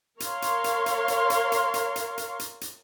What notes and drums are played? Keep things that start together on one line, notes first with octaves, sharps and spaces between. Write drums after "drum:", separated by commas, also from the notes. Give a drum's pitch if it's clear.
A#4 C#5 F5 C6, drum: hi-hat
drum: hi-hat
drum: hi-hat
drum: hi-hat
drum: hi-hat
drum: hi-hat
drum: hi-hat
drum: hi-hat
drum: hi-hat
drum: hi-hat
drum: hi-hat
drum: hi-hat